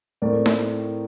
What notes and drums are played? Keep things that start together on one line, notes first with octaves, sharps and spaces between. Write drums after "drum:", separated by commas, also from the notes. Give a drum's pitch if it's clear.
A2 A3 C4 A#4 D5
drum: snare D#4